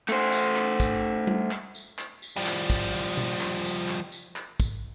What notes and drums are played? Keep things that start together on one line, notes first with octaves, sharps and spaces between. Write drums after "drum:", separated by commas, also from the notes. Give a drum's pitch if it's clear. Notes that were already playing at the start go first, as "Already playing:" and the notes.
A3 C5, drum: clap
drum: tambourine
drum: clap
drum: kick, tambourine
drum: tom G3
drum: clap
drum: tambourine
drum: clap
drum: tambourine
F3 G3
drum: clap
drum: kick, tambourine
drum: tom B2
drum: clap
drum: tambourine
drum: clap
drum: tambourine
drum: clap
drum: kick, tambourine